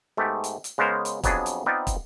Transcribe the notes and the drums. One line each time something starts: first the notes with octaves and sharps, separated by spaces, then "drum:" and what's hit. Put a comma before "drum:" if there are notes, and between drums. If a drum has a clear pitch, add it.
G#2 A3 B3 G4
drum: hi-hat
drum: hi-hat
C#3 G#3 B3 A#4 C5
drum: hi-hat
F2 F#3 B3 D4 G#4, drum: kick, hi-hat
drum: hi-hat
B3 C4 D#4 F4 D5 G5
drum: kick, hi-hat